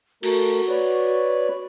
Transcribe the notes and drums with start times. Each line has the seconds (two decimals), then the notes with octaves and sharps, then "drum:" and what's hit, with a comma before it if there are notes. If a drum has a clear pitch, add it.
0.23 A3 F#4 A#4, drum: cymbal
0.69 B4 C#5 D5